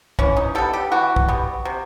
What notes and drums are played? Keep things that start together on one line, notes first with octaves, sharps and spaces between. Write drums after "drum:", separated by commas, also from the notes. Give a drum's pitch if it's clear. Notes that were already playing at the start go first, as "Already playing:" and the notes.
E3 C#4, drum: kick
D#4
G3 B3 A4
G4
E3 F#4
drum: kick
G3 B3
C3